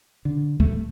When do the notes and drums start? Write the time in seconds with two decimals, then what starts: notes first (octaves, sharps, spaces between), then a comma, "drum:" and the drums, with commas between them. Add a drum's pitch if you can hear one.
0.25 D3
0.60 A3, drum: kick